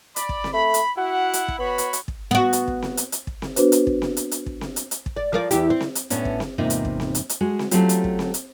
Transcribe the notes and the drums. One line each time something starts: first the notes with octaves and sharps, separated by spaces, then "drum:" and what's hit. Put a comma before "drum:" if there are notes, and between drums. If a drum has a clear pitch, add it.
D5 B5, drum: hi-hat
drum: kick
drum: snare C4
A3 B5
drum: hi-hat
E4 F#4 F#5
drum: hi-hat
drum: kick
B3 F#4 C#5 B5
drum: hi-hat
drum: hi-hat
drum: kick
B3 F#4
drum: hi-hat
drum: kick
drum: snare C4
drum: hi-hat
drum: hi-hat
drum: kick
drum: snare C4
B3 D4 F#4 B4 C5, drum: hi-hat
drum: hi-hat
drum: kick
drum: snare C4
drum: hi-hat
drum: hi-hat
drum: kick
drum: snare C4
drum: hi-hat
drum: hi-hat
drum: kick
D5
F3 A#4 D5
E2 E4 G4, drum: hi-hat
C4
drum: snare C4
drum: hi-hat
A2 B3 C#4 D4, drum: hi-hat
drum: kick
drum: snare C4
E2 G#2 C3 A#3 D#4 F4
drum: hi-hat
drum: kick
drum: snare C4
drum: hi-hat
drum: hi-hat
G#3 F#4 G#4
drum: snare C4
F#3 A3 C4 C#4 F4 G4, drum: hi-hat
drum: hi-hat
drum: kick
drum: snare C4
drum: hi-hat